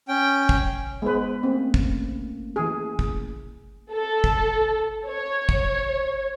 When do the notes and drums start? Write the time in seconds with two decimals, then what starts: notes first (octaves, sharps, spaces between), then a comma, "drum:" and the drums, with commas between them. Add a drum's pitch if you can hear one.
0.08 C#4 G5
0.49 drum: kick
1.02 G#3 B3 B4 C5
1.43 A3 A#3 C4 C#4
1.74 drum: kick
2.56 E3 G#4
2.99 drum: kick
3.93 A4
4.24 drum: kick
5.07 C#5
5.49 drum: kick